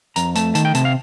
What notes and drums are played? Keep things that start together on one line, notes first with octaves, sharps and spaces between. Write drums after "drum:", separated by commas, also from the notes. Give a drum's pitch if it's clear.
F2 A#5, drum: hi-hat
A3 A5, drum: hi-hat
D#3 A5, drum: hi-hat
G5
C3 A5, drum: hi-hat
F5